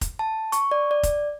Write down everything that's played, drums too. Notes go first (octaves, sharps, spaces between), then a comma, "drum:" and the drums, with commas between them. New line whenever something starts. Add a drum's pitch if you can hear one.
drum: kick F1, hi-hat
A5
C#6, drum: hi-hat
D5
D5
drum: kick F1, hi-hat